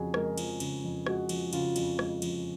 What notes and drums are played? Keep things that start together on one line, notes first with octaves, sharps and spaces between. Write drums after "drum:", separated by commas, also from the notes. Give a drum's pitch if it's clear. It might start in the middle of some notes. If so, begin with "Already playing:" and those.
Already playing: F2 C#3 F3 F#4 G#4
G#3 A#4, drum: rim click
F3, drum: cymbal
C#3, drum: cymbal
F2
G#3 F#4, drum: rim click
F3, drum: cymbal
C#3 F4, drum: cymbal
F2, drum: cymbal
G#3, drum: rim click
F3, drum: cymbal